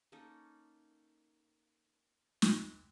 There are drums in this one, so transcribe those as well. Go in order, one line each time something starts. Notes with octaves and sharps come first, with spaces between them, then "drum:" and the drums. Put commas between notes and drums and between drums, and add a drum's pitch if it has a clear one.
A#3 C#4 D#4 A4
drum: snare